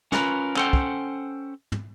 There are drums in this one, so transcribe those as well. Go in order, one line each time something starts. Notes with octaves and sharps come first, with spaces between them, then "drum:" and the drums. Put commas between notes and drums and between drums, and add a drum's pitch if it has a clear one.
C#4 F4 F#4 A#4 B4, drum: snare
C#4 A4 C5 F#5 G5, drum: clap
drum: kick
drum: tom